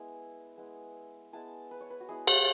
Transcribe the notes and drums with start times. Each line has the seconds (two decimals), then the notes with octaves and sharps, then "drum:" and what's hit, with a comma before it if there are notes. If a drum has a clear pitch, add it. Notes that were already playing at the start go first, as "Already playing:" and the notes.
Already playing: G#3 B3 E4
0.57 G#3 B3 E4
1.33 G#3 B3 E4 A5
1.71 B4
1.81 C#5
1.90 B4
2.01 F#4
2.08 G#3 B3 E4 G#4
2.27 F#4, drum: cymbal